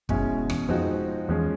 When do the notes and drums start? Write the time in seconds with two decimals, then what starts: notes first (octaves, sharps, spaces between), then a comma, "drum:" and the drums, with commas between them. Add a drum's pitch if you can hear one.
0.09 F#2 B2 G#3 C#4 E4, drum: kick
0.50 E2, drum: rim click
0.69 F2 F3 G#3 C4 D#4 F#4
1.28 E2 F3 G#3 C#4